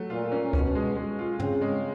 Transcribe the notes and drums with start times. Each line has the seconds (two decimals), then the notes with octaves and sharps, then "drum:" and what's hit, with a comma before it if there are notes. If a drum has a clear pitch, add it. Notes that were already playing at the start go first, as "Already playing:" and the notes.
Already playing: F#3 A3
0.10 A#2 F4
0.32 C#4
0.53 B2 C#4, drum: kick C#2
0.75 G#3
0.96 G#3
1.19 F4
1.39 C#3 C4, drum: tom
1.61 G#3